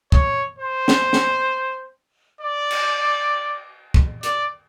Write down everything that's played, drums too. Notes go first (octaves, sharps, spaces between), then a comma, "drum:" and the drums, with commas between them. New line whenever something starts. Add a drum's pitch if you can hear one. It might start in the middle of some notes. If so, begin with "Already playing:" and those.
C#5, drum: kick
C5
drum: snare
drum: snare
D5
drum: cymbal
drum: kick
D5, drum: hi-hat